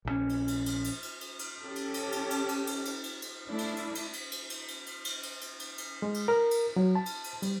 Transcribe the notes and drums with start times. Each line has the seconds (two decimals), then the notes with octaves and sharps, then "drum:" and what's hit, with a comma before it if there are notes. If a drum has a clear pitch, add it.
0.05 A#1 C#3 C#4
0.29 drum: cymbal
0.48 drum: cymbal
0.66 drum: cymbal
0.84 drum: cymbal
1.03 drum: cymbal
1.21 drum: cymbal
1.39 drum: cymbal
1.61 C#4 G4 A4
1.76 drum: cymbal
1.94 drum: cymbal
2.12 drum: cymbal
2.30 drum: cymbal
2.49 drum: cymbal
2.67 drum: cymbal
2.85 drum: cymbal
3.04 drum: cymbal
3.22 drum: cymbal
3.48 A3 D4 E4
3.58 drum: cymbal
3.77 drum: cymbal
3.95 drum: cymbal
4.13 drum: cymbal
4.32 drum: cymbal
4.50 drum: cymbal
4.68 drum: cymbal
4.86 drum: cymbal
5.05 drum: cymbal
5.23 drum: cymbal
5.41 drum: cymbal
5.60 drum: cymbal
5.78 drum: cymbal
6.02 G#3
6.14 drum: cymbal
6.28 A#4
6.51 drum: cymbal
6.76 F#3
6.95 A5
7.06 drum: cymbal
7.24 drum: cymbal
7.42 G3, drum: cymbal